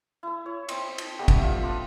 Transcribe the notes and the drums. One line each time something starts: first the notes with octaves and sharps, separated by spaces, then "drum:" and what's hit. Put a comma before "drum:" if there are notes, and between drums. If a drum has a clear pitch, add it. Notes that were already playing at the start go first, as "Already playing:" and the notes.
E4 E6
C#5
C4 D#5 C6, drum: cymbal
drum: cymbal
G3 A3 B3 G4
drum: kick, cymbal
F4 E5
D4 D#5 C6